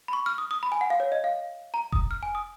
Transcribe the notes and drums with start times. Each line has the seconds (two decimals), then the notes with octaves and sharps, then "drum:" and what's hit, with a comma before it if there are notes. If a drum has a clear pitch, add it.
0.08 B5
0.13 C#6
0.26 F6
0.38 D#6
0.51 D#6
0.63 B5
0.72 G#5
0.81 F#5
0.90 F5
1.00 C#5
1.12 D#5
1.24 F5
1.74 A#5
1.92 D#6, drum: kick F1
2.11 F6
2.23 G#5
2.35 D#6